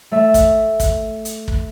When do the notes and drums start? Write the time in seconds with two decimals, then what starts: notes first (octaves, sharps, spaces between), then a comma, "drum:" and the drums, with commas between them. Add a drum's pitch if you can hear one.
0.12 A3 E5
0.34 drum: kick, hi-hat
0.80 drum: kick, hi-hat
1.25 drum: hi-hat
1.48 drum: kick